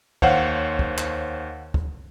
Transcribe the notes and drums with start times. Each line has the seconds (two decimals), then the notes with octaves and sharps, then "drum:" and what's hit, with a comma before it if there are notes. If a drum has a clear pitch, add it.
0.22 D#2 C5 C#5 F5 F#5, drum: kick
0.79 drum: kick
0.98 drum: clap
1.74 drum: kick